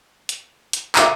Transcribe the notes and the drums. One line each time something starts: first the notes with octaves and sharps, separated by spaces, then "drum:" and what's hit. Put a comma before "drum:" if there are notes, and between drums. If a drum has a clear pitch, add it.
drum: hi-hat
drum: hi-hat
E5 F5 A#5 D6 D#7, drum: clap